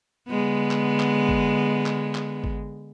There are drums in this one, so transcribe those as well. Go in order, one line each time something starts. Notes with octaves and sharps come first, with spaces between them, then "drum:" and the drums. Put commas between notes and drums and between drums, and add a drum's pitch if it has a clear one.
D3 G#3 B3
drum: clap
drum: clap
drum: kick G#1
drum: clap
drum: clap
drum: kick G#1